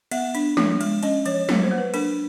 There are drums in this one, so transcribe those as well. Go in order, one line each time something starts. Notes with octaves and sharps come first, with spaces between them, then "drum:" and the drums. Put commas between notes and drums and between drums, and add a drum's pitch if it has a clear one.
B3 E5, drum: cymbal
D4, drum: cymbal
F3, drum: snare
G#3, drum: cymbal
C#4 D#5, drum: cymbal
F3 C#5, drum: cymbal
F#3, drum: snare
C5
A#3
B4
D4 A#4, drum: cymbal